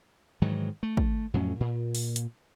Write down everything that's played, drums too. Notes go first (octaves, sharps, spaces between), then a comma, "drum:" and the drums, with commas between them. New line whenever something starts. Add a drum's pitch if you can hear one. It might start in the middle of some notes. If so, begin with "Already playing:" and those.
G#2 D#3 E3 F#3
A3
drum: kick
F2 A2 F#3 C#4
A#2
drum: open hi-hat
drum: hi-hat